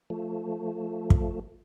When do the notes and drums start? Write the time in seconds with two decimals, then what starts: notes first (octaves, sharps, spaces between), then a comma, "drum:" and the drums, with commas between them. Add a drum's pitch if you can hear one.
0.10 F3 A3
1.10 drum: kick